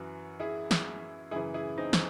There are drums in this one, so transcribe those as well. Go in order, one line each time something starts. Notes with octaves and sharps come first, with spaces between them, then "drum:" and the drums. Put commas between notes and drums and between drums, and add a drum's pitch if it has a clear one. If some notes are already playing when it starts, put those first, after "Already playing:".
Already playing: F#2 E3 F#4
E4 G#4
drum: snare
F#2 C#3 E3 E4 G#4
E4 G#4
C4 D#4
drum: snare